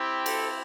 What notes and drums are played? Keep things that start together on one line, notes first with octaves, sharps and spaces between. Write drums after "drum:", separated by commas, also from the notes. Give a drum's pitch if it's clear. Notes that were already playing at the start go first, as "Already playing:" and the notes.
Already playing: C4 E4 G4
A4, drum: cymbal